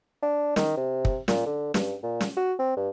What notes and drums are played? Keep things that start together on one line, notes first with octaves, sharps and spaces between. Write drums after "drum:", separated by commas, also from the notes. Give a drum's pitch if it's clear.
D4
D#3, drum: snare
C3
drum: kick
A#2, drum: snare
D3
G2, drum: snare
A#2
drum: snare
F#4
C4
G2